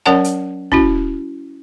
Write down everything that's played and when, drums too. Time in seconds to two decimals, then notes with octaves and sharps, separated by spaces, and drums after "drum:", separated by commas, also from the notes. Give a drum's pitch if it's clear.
0.06 F#3 C#4 A#4 C#5 F#5 A5
0.24 drum: hi-hat
0.72 C#4 E4 F#4, drum: kick